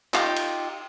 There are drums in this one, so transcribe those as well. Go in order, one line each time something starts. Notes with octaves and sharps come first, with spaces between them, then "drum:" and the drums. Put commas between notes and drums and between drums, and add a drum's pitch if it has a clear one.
D#4 F4 G4, drum: clap
drum: cymbal